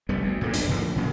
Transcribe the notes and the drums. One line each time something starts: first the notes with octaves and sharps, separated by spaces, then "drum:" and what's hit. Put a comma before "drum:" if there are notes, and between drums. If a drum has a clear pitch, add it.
F1 G3 B3
D2
A#2 A3 A#3
B1 F2 G#3 D4, drum: hi-hat
A2 D3 F3 A#3
A#2 C#3 F#3 A#3